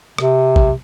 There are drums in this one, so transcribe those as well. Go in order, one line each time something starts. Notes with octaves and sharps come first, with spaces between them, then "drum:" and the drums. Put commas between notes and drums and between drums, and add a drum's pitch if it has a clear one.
C3, drum: rim click
drum: kick